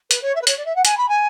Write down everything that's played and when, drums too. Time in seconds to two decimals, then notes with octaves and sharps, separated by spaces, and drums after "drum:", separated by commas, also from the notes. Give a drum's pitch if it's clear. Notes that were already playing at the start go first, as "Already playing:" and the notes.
0.11 B4, drum: hi-hat
0.22 C#5
0.35 E5
0.42 B4
0.47 C#5, drum: hi-hat
0.57 D5
0.65 E5
0.76 F#5
0.85 G#5, drum: hi-hat
0.98 B5
1.09 G#5